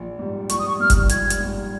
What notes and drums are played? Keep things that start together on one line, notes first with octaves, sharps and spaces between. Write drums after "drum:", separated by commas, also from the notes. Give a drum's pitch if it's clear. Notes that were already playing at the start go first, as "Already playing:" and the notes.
Already playing: A#1
G#2 G3
A#1 C#6, drum: hi-hat
D#6
C#6
G#2 G3 F6
drum: kick F#1, hi-hat
A#1 G#6, drum: hi-hat
drum: hi-hat
G#2 G3